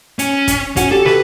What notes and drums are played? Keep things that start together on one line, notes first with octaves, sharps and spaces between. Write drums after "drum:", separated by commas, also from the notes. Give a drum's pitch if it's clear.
C#4, drum: hi-hat
drum: kick, hi-hat
C#4 F#4, drum: kick, hi-hat
G4 A4
A4 B4, drum: snare